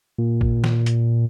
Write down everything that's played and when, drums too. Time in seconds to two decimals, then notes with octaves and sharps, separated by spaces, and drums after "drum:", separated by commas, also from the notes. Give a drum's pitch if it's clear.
0.18 A#2
0.41 drum: kick
0.64 drum: snare D#3
0.86 drum: hi-hat